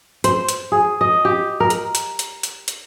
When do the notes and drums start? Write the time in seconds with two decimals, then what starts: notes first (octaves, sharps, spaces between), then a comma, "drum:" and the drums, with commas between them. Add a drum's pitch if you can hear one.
0.24 C5, drum: hi-hat
0.49 drum: hi-hat
0.72 G#4
1.01 D#5
1.25 G4
1.60 A#4
1.70 drum: hi-hat
1.95 drum: hi-hat
2.19 drum: hi-hat
2.43 drum: hi-hat
2.68 drum: hi-hat